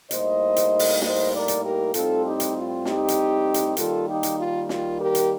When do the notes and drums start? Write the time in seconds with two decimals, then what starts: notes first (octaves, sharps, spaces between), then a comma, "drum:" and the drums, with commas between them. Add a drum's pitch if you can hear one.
0.11 A2 G3 A#3 D#4 C5 D#5, drum: hi-hat
0.56 drum: hi-hat
0.79 drum: open hi-hat
1.02 C5 D#5, drum: snare
1.32 A#4 D5
1.48 drum: hi-hat
1.63 G4 A#4
1.94 A2 G3 C4 D#4 F4 A4, drum: hi-hat
2.24 D#4 G4
2.40 drum: hi-hat
2.55 F4
2.85 D#4 G4, drum: snare
3.08 drum: hi-hat
3.54 drum: hi-hat
3.77 D#3 G3 A#3 F4 A4, drum: hi-hat
4.08 D#4 G4
4.23 drum: hi-hat
4.39 F4
4.69 F4, drum: snare
4.99 G4 A#4
5.15 drum: hi-hat